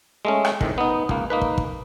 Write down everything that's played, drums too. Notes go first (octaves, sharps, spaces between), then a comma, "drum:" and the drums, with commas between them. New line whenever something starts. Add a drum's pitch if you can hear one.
G#3 A3 C#4
drum: rim click
F2 A2 D#3, drum: kick
B3 D#4
C#2 A#3, drum: kick
A#3 D#4 B4
drum: kick
drum: kick